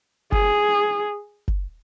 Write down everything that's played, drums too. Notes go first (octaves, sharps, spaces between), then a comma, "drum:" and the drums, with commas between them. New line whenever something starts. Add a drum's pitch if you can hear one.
G#4, drum: kick F#1
drum: kick F#1